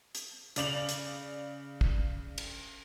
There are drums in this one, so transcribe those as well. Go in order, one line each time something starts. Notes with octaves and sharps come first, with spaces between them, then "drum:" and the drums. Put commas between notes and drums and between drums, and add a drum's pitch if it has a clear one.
drum: hi-hat
C#3 D5 F7 F#7, drum: hi-hat
drum: hi-hat
drum: kick
drum: cymbal